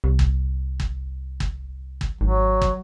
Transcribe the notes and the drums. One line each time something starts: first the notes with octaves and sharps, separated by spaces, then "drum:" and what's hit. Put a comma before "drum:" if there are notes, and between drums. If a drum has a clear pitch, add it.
C2
drum: kick
drum: kick
drum: kick
drum: kick
G#1 F#3
drum: kick